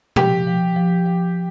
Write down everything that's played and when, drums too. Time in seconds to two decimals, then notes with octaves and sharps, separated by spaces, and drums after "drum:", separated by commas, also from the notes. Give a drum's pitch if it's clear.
0.16 F3 G4, drum: tom B2
0.47 F3
0.76 F3
1.06 F3